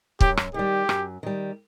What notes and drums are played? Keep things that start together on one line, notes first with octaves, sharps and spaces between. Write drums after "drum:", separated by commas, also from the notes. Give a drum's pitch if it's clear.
F#2 G4, drum: kick
drum: rim click
D#3 G3 G4
F#2, drum: rim click
D#3 G3